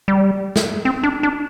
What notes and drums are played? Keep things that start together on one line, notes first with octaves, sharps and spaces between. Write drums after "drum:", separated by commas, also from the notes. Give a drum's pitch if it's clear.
G3
drum: snare
C4
D4
D4